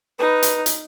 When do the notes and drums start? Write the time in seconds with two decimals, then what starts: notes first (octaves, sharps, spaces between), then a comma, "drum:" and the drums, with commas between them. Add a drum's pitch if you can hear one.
0.19 D#4 B4
0.43 drum: hi-hat
0.66 drum: hi-hat